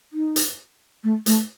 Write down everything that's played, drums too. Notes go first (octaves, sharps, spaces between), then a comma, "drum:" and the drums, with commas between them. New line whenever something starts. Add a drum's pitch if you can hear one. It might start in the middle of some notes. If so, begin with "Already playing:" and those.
D#4
drum: hi-hat
A3
A3, drum: hi-hat